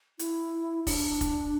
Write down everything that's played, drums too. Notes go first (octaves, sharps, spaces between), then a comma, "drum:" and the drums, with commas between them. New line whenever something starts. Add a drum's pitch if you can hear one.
E4, drum: hi-hat
D4, drum: kick F1, open hi-hat
drum: kick F1, hi-hat